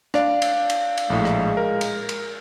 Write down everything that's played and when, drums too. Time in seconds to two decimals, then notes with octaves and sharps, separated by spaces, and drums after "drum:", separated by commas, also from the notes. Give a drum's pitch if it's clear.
0.14 D4 D5 F5, drum: rim click
0.42 drum: cymbal
0.70 drum: cymbal
0.97 drum: cymbal
1.10 A#1 A2 G#3
1.25 drum: rim click
1.57 A#4
1.81 drum: cymbal
2.09 drum: cymbal